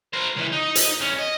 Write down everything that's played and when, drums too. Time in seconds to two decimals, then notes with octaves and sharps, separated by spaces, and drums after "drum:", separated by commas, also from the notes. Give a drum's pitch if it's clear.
0.14 A#4 C5
0.36 C#2 E3
0.53 D#4
0.75 drum: hi-hat
1.00 E2 C#4
1.19 D#5